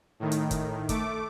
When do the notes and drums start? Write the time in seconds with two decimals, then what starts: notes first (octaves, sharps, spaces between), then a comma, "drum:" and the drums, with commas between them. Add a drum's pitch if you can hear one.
0.20 A2 D#3
0.32 drum: hi-hat
0.51 drum: kick, hi-hat
0.89 A3 D6, drum: kick, hi-hat